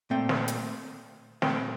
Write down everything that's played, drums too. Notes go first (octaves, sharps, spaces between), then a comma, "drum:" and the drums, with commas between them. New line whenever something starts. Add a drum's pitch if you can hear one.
A#2 A3 C4 G5
drum: snare
drum: hi-hat
A#2 A3 C4 G5, drum: snare